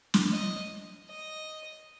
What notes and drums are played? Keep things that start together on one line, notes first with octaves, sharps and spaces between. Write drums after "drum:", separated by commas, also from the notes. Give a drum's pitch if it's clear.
drum: snare
D#5
D#5